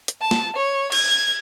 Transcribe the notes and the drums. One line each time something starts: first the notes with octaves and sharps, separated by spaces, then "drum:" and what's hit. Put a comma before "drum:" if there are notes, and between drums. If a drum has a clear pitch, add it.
drum: hi-hat
A5
drum: snare
C#5
G#6, drum: cymbal